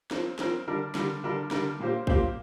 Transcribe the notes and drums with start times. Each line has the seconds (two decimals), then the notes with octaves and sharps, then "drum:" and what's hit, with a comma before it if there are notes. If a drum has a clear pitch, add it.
0.11 F3 C4 A#4, drum: snare
0.39 F3 C4 A#4, drum: snare
0.67 D3 G3 D4 A#4
0.95 D3 G3 D4 A#4, drum: snare
1.24 D3 G3 D4 A#4
1.51 D3 G3 D4 A#4, drum: snare
1.79 A#2 A#3 G4 C5
2.07 A#2 A#3 G4 C5, drum: kick